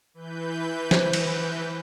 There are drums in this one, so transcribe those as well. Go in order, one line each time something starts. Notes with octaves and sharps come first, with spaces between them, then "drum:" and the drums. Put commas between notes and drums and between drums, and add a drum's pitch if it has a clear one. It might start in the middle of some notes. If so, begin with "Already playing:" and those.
E3 B4 G6
C5, drum: snare
drum: cymbal